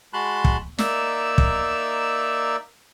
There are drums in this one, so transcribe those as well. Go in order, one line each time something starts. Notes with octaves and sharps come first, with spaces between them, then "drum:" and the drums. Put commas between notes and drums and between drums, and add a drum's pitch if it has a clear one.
G#3 F#4 A5 B5 C6 F#6
drum: kick
A#3 D#4 D5 E5 E6, drum: snare
drum: kick